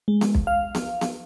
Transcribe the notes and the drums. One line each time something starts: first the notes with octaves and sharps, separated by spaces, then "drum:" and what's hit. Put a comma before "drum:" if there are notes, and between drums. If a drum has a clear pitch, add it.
G#3
drum: snare B3
drum: kick
F5
drum: snare B3
drum: snare B3